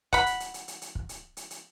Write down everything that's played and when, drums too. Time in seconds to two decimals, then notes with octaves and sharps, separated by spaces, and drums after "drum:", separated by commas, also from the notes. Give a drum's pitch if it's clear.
0.13 F#5 B5, drum: kick, hi-hat
0.26 drum: hi-hat
0.40 drum: hi-hat
0.54 drum: hi-hat
0.68 drum: hi-hat
0.82 drum: hi-hat
0.95 drum: kick
1.09 drum: hi-hat
1.37 drum: hi-hat
1.50 drum: hi-hat